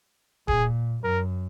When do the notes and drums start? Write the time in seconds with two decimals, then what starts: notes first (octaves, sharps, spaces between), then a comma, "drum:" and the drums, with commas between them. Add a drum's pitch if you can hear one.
0.48 A#2 G#4, drum: kick D1
1.04 F#2 A#4